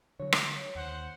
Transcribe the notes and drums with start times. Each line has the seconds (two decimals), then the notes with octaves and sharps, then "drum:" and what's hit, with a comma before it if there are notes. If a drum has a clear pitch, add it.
0.20 D3 F#3 C#5
0.32 drum: rim click
0.75 D#2 C5 F#5